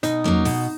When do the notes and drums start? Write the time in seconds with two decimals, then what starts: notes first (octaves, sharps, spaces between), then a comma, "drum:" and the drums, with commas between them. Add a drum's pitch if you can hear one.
0.03 B2 D#4, drum: hi-hat
0.24 F#3 A#3 C#4, drum: tom E2
0.45 B2, drum: open hi-hat